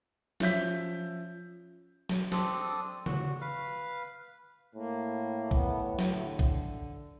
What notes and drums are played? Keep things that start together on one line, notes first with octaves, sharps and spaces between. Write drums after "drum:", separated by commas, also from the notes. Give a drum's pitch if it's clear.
F3 C#4 E5 G6 B6, drum: snare
drum: snare
C4 D4 A4 D#6, drum: snare
F#4, drum: tom C#3
B4 F5
A2 A#3
B3, drum: kick A#1
D3, drum: snare
drum: kick A#1